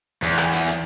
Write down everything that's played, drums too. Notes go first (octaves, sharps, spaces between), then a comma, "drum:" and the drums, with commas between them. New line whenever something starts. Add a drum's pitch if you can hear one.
E2, drum: hi-hat
drum: rim click
drum: hi-hat
drum: hi-hat